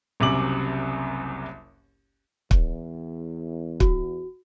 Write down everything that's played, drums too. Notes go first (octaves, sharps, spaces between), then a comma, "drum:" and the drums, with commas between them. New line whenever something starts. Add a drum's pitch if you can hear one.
F#1 C2 F#2 C3 D6 F#7
E2, drum: kick
F#4, drum: kick